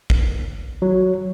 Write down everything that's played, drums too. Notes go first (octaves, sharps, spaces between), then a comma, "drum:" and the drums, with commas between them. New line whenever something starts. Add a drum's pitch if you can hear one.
drum: kick
F#3